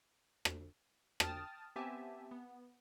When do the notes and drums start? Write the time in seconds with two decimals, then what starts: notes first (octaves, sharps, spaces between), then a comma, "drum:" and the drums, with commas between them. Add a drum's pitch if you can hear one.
0.45 drum: rim click
1.20 G5 A5 D#6 F6 A6, drum: rim click
1.76 B3 C4 G4 E5 G#5 A5
2.31 B3